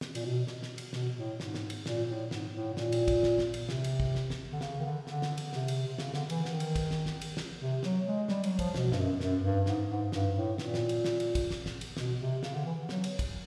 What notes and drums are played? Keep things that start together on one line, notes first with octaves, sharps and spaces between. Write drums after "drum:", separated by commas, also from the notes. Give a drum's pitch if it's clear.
drum: snare
A#2, drum: cymbal
B2
drum: snare
drum: snare
drum: cymbal
B2, drum: snare
A2
G#2, drum: snare
drum: snare
drum: cymbal
A#2, drum: snare
A2
G#2, drum: snare
A2
A2
A#2, drum: snare
drum: cymbal
drum: kick, cymbal
drum: snare
drum: snare
drum: cymbal
C3, drum: snare
drum: cymbal
drum: kick
drum: snare
drum: snare
D3
C#3, drum: snare
D#3
D3
D3, drum: snare
drum: snare
drum: cymbal
C3, drum: snare
drum: cymbal
C3
C#3, drum: snare
D3, drum: snare
E3, drum: cymbal
D#3, drum: snare
drum: cymbal
drum: kick, cymbal
drum: snare
drum: snare
drum: cymbal
drum: snare
C3
F#3, drum: snare
G#3
G3, drum: snare
F#3, drum: cymbal
F3, drum: kick, cymbal
B2, drum: snare
G2, drum: snare
F#2
F#2, drum: snare
G2
G#2, drum: snare
G#2
G2, drum: snare
A2
A#2, drum: snare
drum: snare
drum: cymbal
drum: snare
drum: cymbal
drum: kick, cymbal
drum: snare
drum: snare
drum: cymbal
B2, drum: snare
C3
C#3, drum: snare
D3
E3
F#3, drum: snare
drum: cymbal
drum: kick, cymbal